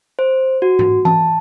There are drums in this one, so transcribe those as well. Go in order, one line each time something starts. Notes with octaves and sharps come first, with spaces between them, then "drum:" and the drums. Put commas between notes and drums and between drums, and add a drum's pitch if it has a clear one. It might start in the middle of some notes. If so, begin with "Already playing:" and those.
C5
F#4
drum: tom G#2
A5, drum: tom E3